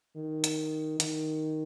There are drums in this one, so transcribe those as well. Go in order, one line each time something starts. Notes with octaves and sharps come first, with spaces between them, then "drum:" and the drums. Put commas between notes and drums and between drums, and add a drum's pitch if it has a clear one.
D#3
drum: hi-hat
D#3, drum: hi-hat